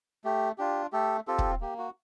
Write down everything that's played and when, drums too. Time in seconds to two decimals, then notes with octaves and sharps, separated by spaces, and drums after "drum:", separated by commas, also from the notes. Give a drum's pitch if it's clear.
0.24 A3 G4
0.58 D4 F4 G4
0.92 A3 G4 A4
1.27 C4 F4 G4 A4
1.39 drum: kick
1.61 A#3 G4
1.78 F#4